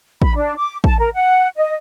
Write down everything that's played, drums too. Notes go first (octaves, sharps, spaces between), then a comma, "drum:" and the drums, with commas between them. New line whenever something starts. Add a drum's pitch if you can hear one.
B5, drum: kick
D4
D6
A5, drum: kick
A#4
F#5
D#5